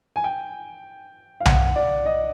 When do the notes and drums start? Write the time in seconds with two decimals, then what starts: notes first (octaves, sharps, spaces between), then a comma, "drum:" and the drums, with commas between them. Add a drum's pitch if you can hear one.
0.16 G#5
0.24 G5
1.40 F5
1.45 F#5, drum: tom B1
1.76 D5
2.06 D#5